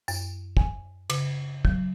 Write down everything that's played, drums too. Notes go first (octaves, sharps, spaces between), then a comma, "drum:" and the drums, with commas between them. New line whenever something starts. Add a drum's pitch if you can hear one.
F#2, drum: tambourine
G#5, drum: kick
C#3, drum: cymbal
F#3, drum: kick